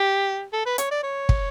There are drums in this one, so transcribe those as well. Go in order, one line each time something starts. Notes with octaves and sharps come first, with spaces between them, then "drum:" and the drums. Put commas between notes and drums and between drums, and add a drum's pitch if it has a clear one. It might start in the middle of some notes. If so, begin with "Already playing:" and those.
Already playing: G4
A4
B4
C#5, drum: hi-hat
D5
C#5
drum: kick